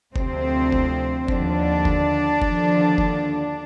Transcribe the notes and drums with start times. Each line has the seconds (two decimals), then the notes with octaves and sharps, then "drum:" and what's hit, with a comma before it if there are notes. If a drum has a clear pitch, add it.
0.16 D2 C3 F3 C4, drum: kick
0.72 drum: kick
1.28 D#2 D3 F3 D4, drum: kick
1.85 drum: kick
2.42 D#2 D3 F3, drum: kick
2.98 drum: kick